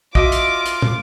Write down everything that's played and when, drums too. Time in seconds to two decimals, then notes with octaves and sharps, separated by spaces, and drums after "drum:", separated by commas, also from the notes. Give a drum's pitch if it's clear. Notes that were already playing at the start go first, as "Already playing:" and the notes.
0.15 F4 F#4 D#5 E5 D6, drum: kick
0.32 drum: hi-hat
0.66 drum: hi-hat
0.82 drum: tom